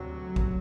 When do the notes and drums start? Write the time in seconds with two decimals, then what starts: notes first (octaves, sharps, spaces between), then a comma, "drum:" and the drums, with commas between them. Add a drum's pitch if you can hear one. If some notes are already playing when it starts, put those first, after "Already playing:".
Already playing: D2 C3 F#3
0.36 drum: kick